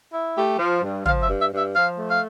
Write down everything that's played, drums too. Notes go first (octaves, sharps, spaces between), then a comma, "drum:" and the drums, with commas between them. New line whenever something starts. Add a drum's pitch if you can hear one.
E4
A3 G4
F3
G2
F3 F5, drum: tom
E5
G2
E5
G2
E5
F3 F5
A3
F5